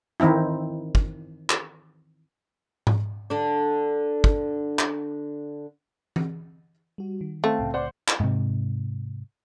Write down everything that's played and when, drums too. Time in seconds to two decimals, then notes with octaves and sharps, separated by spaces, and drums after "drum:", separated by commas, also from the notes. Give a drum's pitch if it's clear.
0.20 D#3 E3 C4 D#4 E4
0.95 drum: kick
1.50 drum: clap
2.87 drum: tom G#2
3.30 D3 D4
4.24 drum: kick
4.79 drum: clap
6.16 drum: tom E3
6.98 G3 F#4
7.21 D#3
7.44 A3 C4 F5 G5 A5
7.59 C2 A2 C#3
7.74 C5 D5 F#5 D6
8.08 drum: clap
8.20 G#2 C3